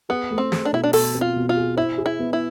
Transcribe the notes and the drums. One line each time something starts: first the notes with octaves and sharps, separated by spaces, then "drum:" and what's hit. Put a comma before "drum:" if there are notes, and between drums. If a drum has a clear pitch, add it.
B3 G#4
A3
C4
G#4, drum: snare
D4
B2 E4
D4
B2 A4, drum: open hi-hat
C4
F4
B2
F4
G#4
E4 C5
G#4
E4
B3
E4